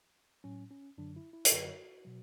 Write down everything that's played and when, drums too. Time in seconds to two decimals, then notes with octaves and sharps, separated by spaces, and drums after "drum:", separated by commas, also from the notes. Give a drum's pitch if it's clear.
0.44 A2 F#3 C#4
0.71 C#4
0.98 F#2 D3 F#3 D4
1.16 E4
1.33 E4
1.45 G#4, drum: hi-hat
1.51 F#2 D3 F#3 F#4
2.05 B2 F#3